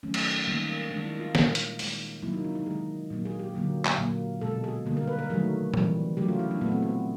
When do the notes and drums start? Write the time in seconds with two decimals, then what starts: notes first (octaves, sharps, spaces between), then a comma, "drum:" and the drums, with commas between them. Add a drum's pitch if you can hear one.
0.03 D#3 F#3 A3 C#4
0.14 drum: cymbal
0.47 D#3 G3 A#3
0.91 D#3 G#3 D4
1.05 E4
1.20 F4
1.35 A#2 G3 A#3, drum: snare
1.55 drum: hi-hat
1.79 D#3 G#3, drum: open hi-hat
2.22 C3 D#3 F#3 A#3 E4
2.33 D#4
2.44 D4
2.55 D#4
2.66 D#3 G#3 G#4
3.10 A#2 F#3 A#3
3.25 G#4
3.39 G4
3.54 D3 F#3 A#3
3.85 drum: clap
3.98 A#2 F#3 A#3
4.41 B2 G#3 A4
4.64 G#4
4.86 D3 G3 A#3
4.97 A#4
5.08 B4
5.19 A#4
5.30 D#3 F#3 A3 G#4
5.74 C3 E3 G3, drum: tom
6.17 C#3 F#3 A3 G4
6.28 F4
6.39 E4
6.51 D4
6.61 A#2 F#3 A3 B3
6.72 C4
6.82 B3